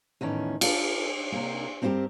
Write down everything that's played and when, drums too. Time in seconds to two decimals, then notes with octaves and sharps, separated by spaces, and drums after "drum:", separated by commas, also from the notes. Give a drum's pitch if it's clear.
0.21 E2 A2 D#3 C#4
0.61 F4 A4 B4, drum: cymbal
1.32 C3 A#3
1.82 G2 C4 E4 F4 G4 A#4